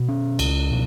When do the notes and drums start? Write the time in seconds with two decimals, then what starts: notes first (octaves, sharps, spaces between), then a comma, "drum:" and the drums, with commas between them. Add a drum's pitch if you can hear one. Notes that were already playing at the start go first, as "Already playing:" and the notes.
Already playing: B2
0.08 C#4
0.39 C#2, drum: cymbal
0.71 B2